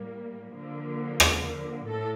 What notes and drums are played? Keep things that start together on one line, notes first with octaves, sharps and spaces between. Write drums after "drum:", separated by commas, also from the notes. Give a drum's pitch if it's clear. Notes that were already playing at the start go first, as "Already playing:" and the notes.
Already playing: A2 G3 A#3
D3 F3 A#3
drum: rim click
A2 A4